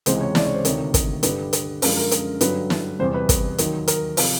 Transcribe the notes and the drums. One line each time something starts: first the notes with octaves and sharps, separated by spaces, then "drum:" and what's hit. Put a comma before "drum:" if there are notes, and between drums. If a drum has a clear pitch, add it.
C#2 C3 E3 G#3 C5, drum: hi-hat
C#5
D5, drum: snare
C#5
C5
D2 C3 D#3 C#5, drum: hi-hat
drum: kick, hi-hat
G2 D3 G3 B4, drum: hi-hat
drum: hi-hat
F#2 D3 F3 G#3 A#4, drum: open hi-hat
A#4
drum: hi-hat
G2 D3 F#3 B4, drum: hi-hat
drum: snare
E2 C3 E3 G3 C5
B4
drum: kick, hi-hat
D#2 D#3 F#3, drum: hi-hat
A#4, drum: hi-hat
C3 F3, drum: open hi-hat